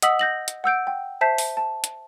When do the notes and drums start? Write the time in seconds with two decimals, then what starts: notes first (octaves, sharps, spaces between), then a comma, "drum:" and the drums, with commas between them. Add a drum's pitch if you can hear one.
0.02 D#5 F#5 D#6 E6 B6 F#7, drum: hi-hat
0.19 G6 A#6 F#7
0.48 drum: hi-hat
0.64 F#5 E6 G6 D7
0.87 G5
1.21 C5 E5 A5 G6 B6 C7
1.38 drum: open hi-hat
1.57 A5
1.84 drum: hi-hat